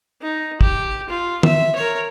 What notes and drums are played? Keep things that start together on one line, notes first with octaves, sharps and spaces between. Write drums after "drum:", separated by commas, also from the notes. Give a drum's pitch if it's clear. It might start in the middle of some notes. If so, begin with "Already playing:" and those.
D#4
G4, drum: kick
F4
E5, drum: tom D#3
A#4 C#5